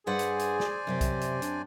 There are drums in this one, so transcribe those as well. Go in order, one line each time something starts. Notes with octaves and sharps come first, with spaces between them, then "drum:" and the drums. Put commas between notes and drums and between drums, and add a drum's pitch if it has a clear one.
G2 G#4 B4 C5 D5 F#5 G#5
drum: hi-hat
drum: hi-hat
drum: snare
F#2 C3 C4 G4
drum: kick B1, hi-hat
drum: hi-hat
D4, drum: hi-hat